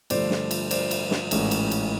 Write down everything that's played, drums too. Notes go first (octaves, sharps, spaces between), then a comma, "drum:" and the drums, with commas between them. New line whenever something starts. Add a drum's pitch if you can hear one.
G2 D3 F3 A3 C5 D5, drum: cymbal
drum: snare
drum: cymbal
C5 D5, drum: cymbal
drum: cymbal
drum: snare
A1 G#2 E3 A3 C#4, drum: cymbal
drum: cymbal
drum: cymbal